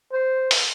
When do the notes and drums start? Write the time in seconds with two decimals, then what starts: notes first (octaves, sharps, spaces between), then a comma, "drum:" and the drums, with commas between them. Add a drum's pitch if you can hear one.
0.12 C5
0.51 drum: open hi-hat